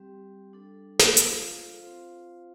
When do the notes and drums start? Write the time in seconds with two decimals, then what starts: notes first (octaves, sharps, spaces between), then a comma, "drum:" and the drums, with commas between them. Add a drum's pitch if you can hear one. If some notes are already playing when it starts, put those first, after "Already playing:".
Already playing: G3 C4 G4
0.53 G3 D4 A4
0.99 drum: snare
1.17 F4 A4 C5 F5, drum: hi-hat
1.81 C4 F4 C5 F5